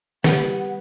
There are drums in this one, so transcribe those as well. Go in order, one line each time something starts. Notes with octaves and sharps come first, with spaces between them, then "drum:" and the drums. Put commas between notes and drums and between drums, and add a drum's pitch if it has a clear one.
G3 B3 F#5, drum: snare